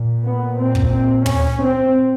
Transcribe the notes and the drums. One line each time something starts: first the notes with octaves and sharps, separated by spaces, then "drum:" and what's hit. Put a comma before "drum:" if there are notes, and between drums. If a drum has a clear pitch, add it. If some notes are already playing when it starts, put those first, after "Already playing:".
Already playing: A#2
B3
C4
drum: kick
C4
C#4, drum: tom
C4